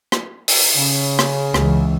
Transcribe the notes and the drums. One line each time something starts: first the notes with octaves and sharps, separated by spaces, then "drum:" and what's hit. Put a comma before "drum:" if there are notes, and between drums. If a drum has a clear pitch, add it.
drum: rim click
drum: open hi-hat
C#3
drum: rim click
C#2 E3, drum: rim click